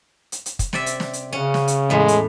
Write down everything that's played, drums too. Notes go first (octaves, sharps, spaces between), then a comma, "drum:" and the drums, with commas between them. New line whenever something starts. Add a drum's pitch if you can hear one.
drum: hi-hat
drum: hi-hat
drum: kick, hi-hat
C3 D5 E5, drum: snare
drum: hi-hat
drum: snare
drum: hi-hat
C#3 C#4 F#4
drum: snare
drum: hi-hat
E2 A2 G#3
drum: hi-hat